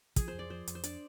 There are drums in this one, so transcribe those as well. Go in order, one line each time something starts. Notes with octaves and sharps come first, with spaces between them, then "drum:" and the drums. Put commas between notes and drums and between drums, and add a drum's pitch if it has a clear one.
F3 G#4, drum: kick, hi-hat
C5
F2
D5
F3 C5
F2, drum: hi-hat
C5
D4 D5, drum: hi-hat